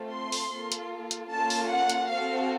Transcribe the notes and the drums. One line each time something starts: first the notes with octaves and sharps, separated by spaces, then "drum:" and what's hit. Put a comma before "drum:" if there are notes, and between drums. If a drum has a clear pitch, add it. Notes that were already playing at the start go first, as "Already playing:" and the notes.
Already playing: A3 C4 F4 A4
C6
drum: open hi-hat
A#3 F4 A4
drum: hi-hat
drum: hi-hat
A#3 C#4 F4 A4 A5
drum: open hi-hat
F#5
drum: hi-hat
C4 F#4 A4 F5